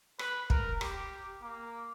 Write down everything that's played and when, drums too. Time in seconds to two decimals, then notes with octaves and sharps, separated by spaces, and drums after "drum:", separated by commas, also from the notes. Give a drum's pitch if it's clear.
0.19 B4, drum: rim click
0.50 A#4, drum: kick
0.81 G4, drum: rim click
1.42 A#3